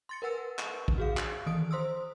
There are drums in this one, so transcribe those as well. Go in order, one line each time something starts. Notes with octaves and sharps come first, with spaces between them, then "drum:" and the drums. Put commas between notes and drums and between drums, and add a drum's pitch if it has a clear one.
C6 A6 C#7
A#4 B4 F#5 E6
drum: clap
drum: kick A#1
F#4 G#4 F5
drum: clap
D#3 E3 D#6 D7
C5 C6 D#6 E6